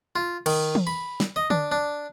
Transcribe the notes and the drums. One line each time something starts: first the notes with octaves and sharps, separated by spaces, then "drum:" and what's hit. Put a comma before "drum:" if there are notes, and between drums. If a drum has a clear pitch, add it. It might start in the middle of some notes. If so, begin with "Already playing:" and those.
F4
D#3, drum: cymbal
drum: tom E3
B5
drum: snare
D#5
D4, drum: tom D3
D4